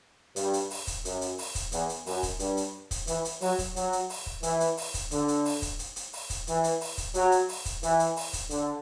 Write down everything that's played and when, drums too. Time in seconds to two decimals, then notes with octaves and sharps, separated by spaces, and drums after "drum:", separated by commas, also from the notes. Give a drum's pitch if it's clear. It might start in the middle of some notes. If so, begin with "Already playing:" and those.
0.36 G2, drum: hi-hat
0.53 drum: hi-hat
0.70 drum: open hi-hat
0.87 drum: kick, hi-hat
1.05 F#2, drum: hi-hat
1.21 drum: hi-hat
1.38 drum: open hi-hat
1.55 drum: kick, hi-hat
1.72 E2, drum: hi-hat
1.89 drum: hi-hat
2.06 F#2, drum: open hi-hat
2.23 drum: kick, hi-hat
2.39 G2, drum: hi-hat
2.57 drum: hi-hat
2.91 drum: kick, hi-hat
3.07 E3, drum: hi-hat
3.25 drum: hi-hat
3.41 F#3, drum: open hi-hat
3.59 drum: kick, hi-hat
3.76 F#3, drum: hi-hat
3.93 drum: hi-hat
4.10 drum: open hi-hat
4.26 drum: kick
4.43 E3, drum: hi-hat
4.60 drum: hi-hat
4.77 drum: open hi-hat
4.94 drum: kick, hi-hat
5.11 D3, drum: hi-hat
5.28 drum: hi-hat
5.45 drum: open hi-hat
5.62 drum: kick, hi-hat
5.79 drum: hi-hat
5.96 drum: hi-hat
6.13 drum: open hi-hat
6.30 drum: kick, hi-hat
6.47 E3, drum: hi-hat
6.64 drum: hi-hat
6.81 drum: open hi-hat
6.98 drum: kick, hi-hat
7.14 F#3, drum: hi-hat
7.32 drum: hi-hat
7.49 drum: open hi-hat
7.66 drum: kick, hi-hat
7.83 E3, drum: hi-hat
7.99 drum: hi-hat
8.16 drum: open hi-hat
8.33 drum: kick, hi-hat
8.50 D3, drum: hi-hat